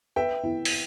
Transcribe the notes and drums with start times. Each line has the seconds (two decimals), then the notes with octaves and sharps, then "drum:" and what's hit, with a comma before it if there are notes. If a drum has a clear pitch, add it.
0.16 B4 E5 G5
0.44 E4
0.65 drum: open hi-hat